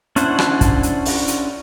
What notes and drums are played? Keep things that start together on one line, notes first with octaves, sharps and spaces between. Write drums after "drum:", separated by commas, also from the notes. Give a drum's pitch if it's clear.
C#4 D4 E4 C5 F#5, drum: hi-hat
drum: rim click
drum: kick, hi-hat
drum: hi-hat
drum: open hi-hat
drum: hi-hat